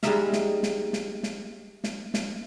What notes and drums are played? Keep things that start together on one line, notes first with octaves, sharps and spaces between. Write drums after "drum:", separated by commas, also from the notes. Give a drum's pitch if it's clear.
G3 G#3 A#3 D#4 E5 F5, drum: snare
drum: snare
drum: snare
drum: snare
drum: snare
drum: snare
drum: snare